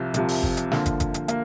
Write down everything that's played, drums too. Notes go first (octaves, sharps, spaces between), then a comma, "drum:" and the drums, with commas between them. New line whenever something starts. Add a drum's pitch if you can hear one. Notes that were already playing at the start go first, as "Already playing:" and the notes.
Already playing: C2 C3 F3
C2 C3 F3, drum: hi-hat
drum: open hi-hat
drum: kick
drum: hi-hat
D3 F3 A#3, drum: snare
drum: kick, hi-hat
drum: kick, hi-hat
drum: hi-hat
A#3, drum: hi-hat